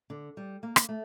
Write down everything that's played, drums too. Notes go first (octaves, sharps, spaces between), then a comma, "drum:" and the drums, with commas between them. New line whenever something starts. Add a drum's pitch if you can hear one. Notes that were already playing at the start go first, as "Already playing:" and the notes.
D3
G3
A#3
drum: rim click
A3